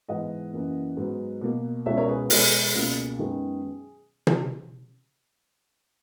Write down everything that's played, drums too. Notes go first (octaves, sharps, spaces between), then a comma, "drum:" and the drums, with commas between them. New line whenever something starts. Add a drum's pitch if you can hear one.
G#2 E3 B3 D#5 F#5
F#2 E3 A#3
G#2 F#3 B3
B2 A#3
C#2 B2 G#3 C#5 E5
A#4 C#5
G#4 B4
B2 G#3 B3 G#4, drum: open hi-hat
C#2 B2 A#3
F#2 D#3 G#3 B3
drum: tom